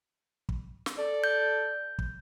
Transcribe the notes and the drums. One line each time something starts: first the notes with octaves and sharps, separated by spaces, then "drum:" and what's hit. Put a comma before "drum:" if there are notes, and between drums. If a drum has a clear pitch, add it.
drum: kick
drum: snare
A4 D5
G6
drum: kick